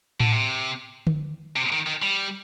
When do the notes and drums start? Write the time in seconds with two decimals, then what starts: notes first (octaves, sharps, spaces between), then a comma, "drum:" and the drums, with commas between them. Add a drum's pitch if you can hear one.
0.20 D3, drum: tom A2
0.32 C3
1.07 drum: tom D3
1.56 C3
1.72 D#3
1.87 D#3
2.02 G3